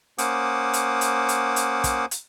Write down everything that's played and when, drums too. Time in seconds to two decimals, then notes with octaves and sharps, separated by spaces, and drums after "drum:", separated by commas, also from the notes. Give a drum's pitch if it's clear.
0.18 A#3 C#4 C5 F#5 D6 D#6, drum: hi-hat
0.73 drum: hi-hat
1.01 drum: hi-hat
1.29 drum: hi-hat
1.56 drum: hi-hat
1.84 drum: kick, hi-hat
2.11 drum: hi-hat